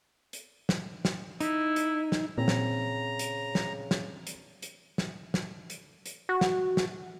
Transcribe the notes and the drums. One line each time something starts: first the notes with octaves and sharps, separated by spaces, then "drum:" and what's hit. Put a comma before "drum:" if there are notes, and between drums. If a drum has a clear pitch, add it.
drum: hi-hat
drum: snare
drum: snare
D#4 E4, drum: hi-hat
drum: hi-hat
drum: snare
A#2 C#3 C4 A#5
drum: snare
drum: hi-hat
drum: snare
drum: snare
drum: hi-hat
drum: hi-hat
drum: snare
drum: snare
drum: hi-hat
drum: hi-hat
F#4
drum: snare
drum: snare